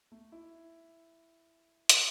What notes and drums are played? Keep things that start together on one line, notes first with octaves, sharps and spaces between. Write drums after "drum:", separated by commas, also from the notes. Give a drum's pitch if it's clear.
A3
E4
drum: hi-hat